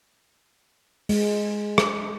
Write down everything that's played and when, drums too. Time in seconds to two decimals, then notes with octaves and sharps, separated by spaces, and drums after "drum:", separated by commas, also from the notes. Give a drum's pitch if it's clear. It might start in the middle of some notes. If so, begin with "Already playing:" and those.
1.09 G#3, drum: open hi-hat
1.78 drum: rim click